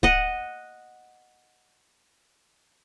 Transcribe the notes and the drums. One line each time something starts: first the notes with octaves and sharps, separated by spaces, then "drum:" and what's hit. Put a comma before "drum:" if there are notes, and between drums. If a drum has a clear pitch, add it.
D#5 F#5, drum: kick D1